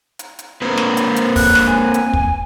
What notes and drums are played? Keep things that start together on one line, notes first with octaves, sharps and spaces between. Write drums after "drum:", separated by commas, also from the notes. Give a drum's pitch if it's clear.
drum: hi-hat
drum: hi-hat
A#3 C4 B4
drum: snare
drum: hi-hat
drum: hi-hat
F#6, drum: kick, open hi-hat
drum: snare
G#5
drum: hi-hat
drum: kick